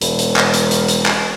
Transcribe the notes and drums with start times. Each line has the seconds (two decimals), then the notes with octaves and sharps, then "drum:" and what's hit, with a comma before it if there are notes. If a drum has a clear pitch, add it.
0.01 E1, drum: hi-hat
0.19 drum: hi-hat
0.36 drum: clap
0.54 drum: hi-hat
0.71 drum: hi-hat
0.88 drum: hi-hat
1.06 drum: clap